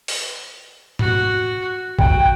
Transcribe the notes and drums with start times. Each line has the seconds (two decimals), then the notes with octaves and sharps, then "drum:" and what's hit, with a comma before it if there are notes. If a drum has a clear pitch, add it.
0.08 drum: open hi-hat
0.99 F#4, drum: tom G#2
1.99 F#4 G5, drum: kick A1